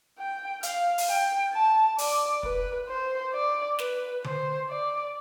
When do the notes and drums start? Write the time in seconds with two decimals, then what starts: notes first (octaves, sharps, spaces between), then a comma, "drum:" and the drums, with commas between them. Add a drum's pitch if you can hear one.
0.19 G5
0.63 F5, drum: hi-hat
0.98 drum: open hi-hat
1.09 G5
1.53 A5
1.98 D5, drum: open hi-hat
2.43 B4, drum: kick
2.88 C5
3.34 D5
3.79 B4, drum: snare
4.24 C5, drum: tom D3
4.69 D5